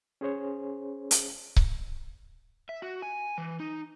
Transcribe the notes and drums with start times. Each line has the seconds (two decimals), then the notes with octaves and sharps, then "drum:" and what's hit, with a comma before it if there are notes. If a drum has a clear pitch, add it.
0.21 C#4 G#4 C5 C#5
1.11 drum: hi-hat
1.56 drum: kick C#1
2.69 E5
2.82 F#4
3.02 G#5
3.38 E3
3.60 D#4